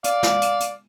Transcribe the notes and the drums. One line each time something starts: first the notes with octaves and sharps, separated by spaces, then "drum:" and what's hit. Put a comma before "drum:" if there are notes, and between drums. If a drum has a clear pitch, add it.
D5 F5, drum: hi-hat
drum: snare
drum: hi-hat
drum: hi-hat